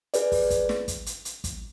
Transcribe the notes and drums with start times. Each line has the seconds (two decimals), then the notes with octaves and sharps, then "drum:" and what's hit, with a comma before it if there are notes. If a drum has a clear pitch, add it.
0.14 G#4 B4 D5, drum: hi-hat
0.32 drum: kick, open hi-hat
0.50 drum: kick, hi-hat
0.69 drum: snare
0.88 drum: kick, hi-hat
1.06 drum: hi-hat
1.25 drum: hi-hat
1.44 drum: kick, hi-hat